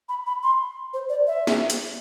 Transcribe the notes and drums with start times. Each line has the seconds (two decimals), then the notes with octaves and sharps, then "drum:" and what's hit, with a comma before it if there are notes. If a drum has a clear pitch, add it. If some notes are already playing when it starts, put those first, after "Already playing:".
0.09 B5
0.27 B5
0.43 C6
0.94 C5
1.09 D5
1.27 E5
1.47 drum: snare
1.70 drum: hi-hat